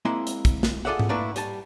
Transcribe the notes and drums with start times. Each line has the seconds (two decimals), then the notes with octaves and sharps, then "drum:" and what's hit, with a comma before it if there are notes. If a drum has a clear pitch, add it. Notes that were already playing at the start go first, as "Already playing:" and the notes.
0.05 G#3 A#3 C4 E4 G#5 C6
0.27 drum: hi-hat
0.45 drum: kick, hi-hat
0.63 drum: snare
0.85 F4 G#4 A4 D5 E5 F#5
0.99 drum: tom G#2
1.09 A3 A#3 D4 E4 B4
1.36 G3 G#5 A5, drum: hi-hat